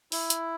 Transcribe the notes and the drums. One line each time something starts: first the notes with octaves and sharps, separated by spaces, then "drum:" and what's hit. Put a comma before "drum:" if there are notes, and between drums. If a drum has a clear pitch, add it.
E4, drum: open hi-hat
drum: hi-hat